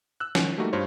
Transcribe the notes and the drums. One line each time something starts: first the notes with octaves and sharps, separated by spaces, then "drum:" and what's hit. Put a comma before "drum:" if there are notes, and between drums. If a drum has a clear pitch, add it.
E6 F#6
D#3 C#4, drum: snare
G3 A3 A#3 D#4 F#4
G2 F4 C5 C#5